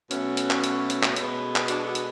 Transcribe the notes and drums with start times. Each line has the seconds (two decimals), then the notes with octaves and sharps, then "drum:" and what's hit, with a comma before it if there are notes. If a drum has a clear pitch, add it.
0.11 B2 F#3 A3 C#4, drum: hi-hat
0.37 drum: hi-hat
0.50 drum: clap
0.64 drum: hi-hat
0.90 drum: hi-hat
1.03 drum: clap
1.16 B2 G#3 B3, drum: hi-hat
1.56 drum: clap
1.68 D4 F#4, drum: hi-hat
1.86 F#4 A4
1.95 drum: hi-hat